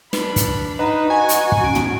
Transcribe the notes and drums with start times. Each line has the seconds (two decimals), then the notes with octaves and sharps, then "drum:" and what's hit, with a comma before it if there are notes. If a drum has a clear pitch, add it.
0.13 D4 B4 B5, drum: snare
0.36 drum: kick, hi-hat
0.79 D#4 B4 D#5 F#5 A#5
1.10 F#4 G#5
1.29 drum: hi-hat
1.52 drum: kick
1.63 C#4 D7
1.75 drum: tom